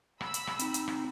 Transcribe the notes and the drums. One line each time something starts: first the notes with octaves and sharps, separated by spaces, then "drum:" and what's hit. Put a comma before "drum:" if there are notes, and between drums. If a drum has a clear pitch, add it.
B5 E6, drum: rim click
drum: hi-hat
drum: rim click
C4 D#4, drum: hi-hat
drum: hi-hat
drum: rim click